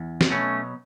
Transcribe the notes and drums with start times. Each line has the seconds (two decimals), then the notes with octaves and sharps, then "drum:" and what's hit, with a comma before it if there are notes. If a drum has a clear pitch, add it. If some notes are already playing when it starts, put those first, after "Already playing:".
Already playing: E2
0.21 drum: snare
0.30 B2 F#3 A3 C#4